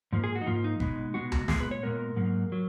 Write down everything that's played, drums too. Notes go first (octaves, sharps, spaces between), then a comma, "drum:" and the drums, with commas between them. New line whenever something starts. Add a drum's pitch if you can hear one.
G#2 F3 A#3
G#4
F#4
D#4
G#2 F3 A#3 F4
D#4
B2 G#3 B3, drum: kick G1
B2 G#3 B3 F#4
F#4, drum: tom C#2
A#2 G#3 B3 G#4, drum: snare
B4
C#5
A#2 G#3 B3 A#4
G#2 F#3 A#3
F#3